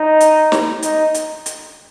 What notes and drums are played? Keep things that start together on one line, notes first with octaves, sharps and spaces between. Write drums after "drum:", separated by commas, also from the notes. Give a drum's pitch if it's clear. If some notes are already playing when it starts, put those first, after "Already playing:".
Already playing: D#4
drum: hi-hat
drum: snare
D#4, drum: hi-hat
drum: hi-hat
drum: hi-hat